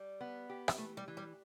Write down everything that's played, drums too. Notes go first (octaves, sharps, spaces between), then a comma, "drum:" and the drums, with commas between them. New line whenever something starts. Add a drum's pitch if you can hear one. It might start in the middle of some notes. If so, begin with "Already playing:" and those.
Already playing: G3
B3
G4
drum: rim click
E3 A3
G3
E3
G3